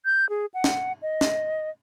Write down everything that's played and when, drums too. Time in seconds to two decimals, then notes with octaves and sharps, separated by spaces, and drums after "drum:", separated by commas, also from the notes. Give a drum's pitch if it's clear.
0.05 G6
0.29 G#4
0.54 F#5
0.64 drum: snare
1.02 D#5
1.21 drum: snare